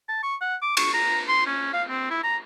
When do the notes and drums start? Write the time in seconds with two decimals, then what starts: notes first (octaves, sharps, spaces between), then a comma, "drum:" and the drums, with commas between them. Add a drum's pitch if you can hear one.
0.08 A5
0.23 C#6
0.41 F#5
0.62 D6
0.77 C#6, drum: cymbal
0.94 A#5
1.28 C6
1.46 C#4
1.73 F5
1.89 C4
2.10 E4
2.23 A#5